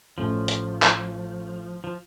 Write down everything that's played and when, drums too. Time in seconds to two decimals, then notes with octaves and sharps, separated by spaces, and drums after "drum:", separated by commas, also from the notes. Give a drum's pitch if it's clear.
0.18 A1 A2 F3 A3 C#4
0.48 drum: hi-hat
0.82 drum: clap
1.84 F3